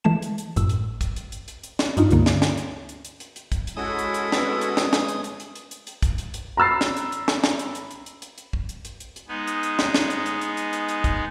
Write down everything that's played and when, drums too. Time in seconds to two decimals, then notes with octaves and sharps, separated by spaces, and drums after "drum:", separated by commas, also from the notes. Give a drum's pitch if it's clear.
0.04 E3 G#3 A3 A5 E7
0.22 drum: hi-hat
0.38 drum: hi-hat
0.56 G#1 F#2 A2 E6, drum: hi-hat
0.69 drum: hi-hat
1.01 drum: kick, hi-hat
1.16 drum: hi-hat
1.32 drum: hi-hat
1.48 drum: hi-hat
1.63 drum: hi-hat
1.79 drum: snare
1.97 G2 D4 D#4 F4, drum: hi-hat
2.11 C#2 G2 D3 A#3, drum: hi-hat
2.26 drum: snare
2.42 drum: snare
2.58 drum: hi-hat
2.89 drum: hi-hat
3.05 drum: hi-hat
3.20 drum: hi-hat
3.36 drum: hi-hat
3.52 drum: kick, hi-hat
3.67 drum: hi-hat
3.77 G#3 C#4 E4 F#4 A4 D#6
3.99 drum: hi-hat
4.14 drum: hi-hat
4.32 B3, drum: snare
4.61 drum: hi-hat
4.77 drum: snare
4.93 drum: snare
5.08 drum: hi-hat
5.24 drum: hi-hat
5.40 drum: hi-hat
5.55 drum: hi-hat
5.71 drum: hi-hat
5.87 drum: hi-hat
6.02 drum: kick, hi-hat
6.18 drum: hi-hat
6.34 drum: hi-hat
6.57 A#5 B5 E6 A6 C7
6.81 drum: snare
6.97 drum: hi-hat
7.12 drum: hi-hat
7.28 drum: snare
7.44 drum: snare
7.59 drum: hi-hat
7.75 drum: hi-hat
7.91 drum: hi-hat
8.06 drum: hi-hat
8.22 drum: hi-hat
8.38 drum: hi-hat
8.53 drum: kick
8.69 drum: hi-hat
8.85 drum: hi-hat
9.00 drum: hi-hat
9.16 drum: hi-hat
9.28 G#3 B3 D#4 G#4
9.47 drum: hi-hat
9.63 drum: hi-hat
9.79 drum: snare
9.94 drum: snare
10.10 drum: hi-hat
10.26 drum: hi-hat
10.41 drum: hi-hat
10.57 drum: hi-hat
10.73 drum: hi-hat
10.89 drum: hi-hat
11.04 drum: kick, hi-hat